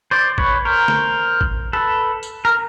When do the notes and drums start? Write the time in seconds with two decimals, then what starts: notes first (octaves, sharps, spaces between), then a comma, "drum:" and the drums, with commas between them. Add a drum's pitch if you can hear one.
0.11 C5 D5
0.38 B4 C#5, drum: kick G#1
0.65 A#4 C5
0.88 drum: snare
1.41 drum: kick G#1
1.73 A4 B4
2.23 drum: tambourine
2.45 A#4